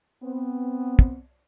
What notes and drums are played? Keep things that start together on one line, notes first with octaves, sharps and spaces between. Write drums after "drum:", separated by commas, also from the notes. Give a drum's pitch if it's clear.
B3 C4
drum: kick